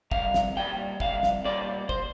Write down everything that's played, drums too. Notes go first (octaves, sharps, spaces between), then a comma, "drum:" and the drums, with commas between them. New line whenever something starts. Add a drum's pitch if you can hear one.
C2 F5, drum: kick
drum: snare
A#2 G3 G5
C2 F5, drum: kick
drum: snare
A#2 G3 D5
C5, drum: kick